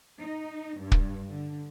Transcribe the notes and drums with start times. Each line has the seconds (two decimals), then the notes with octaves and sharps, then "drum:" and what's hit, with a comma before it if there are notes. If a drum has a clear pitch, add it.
0.20 D#4
0.80 G2
0.92 drum: kick
1.29 D3